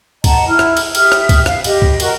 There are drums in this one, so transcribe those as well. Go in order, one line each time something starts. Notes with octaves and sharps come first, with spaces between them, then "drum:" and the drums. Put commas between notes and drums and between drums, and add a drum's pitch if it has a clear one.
D#5 F#5 A5 A#5, drum: kick C#2, cymbal
E4 F6
drum: rim click
drum: cymbal
G4 E5 D#6 F6, drum: cymbal
drum: rim click
drum: kick C#2, cymbal
F5, drum: rim click
G4 D#5, drum: cymbal
drum: kick C#2
F#4 A#4 D#5, drum: cymbal